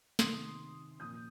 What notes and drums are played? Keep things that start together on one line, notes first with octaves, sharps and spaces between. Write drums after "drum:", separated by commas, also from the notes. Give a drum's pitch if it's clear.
C3 D#3 C6 D#6, drum: snare
A#2 F3 D#6 G6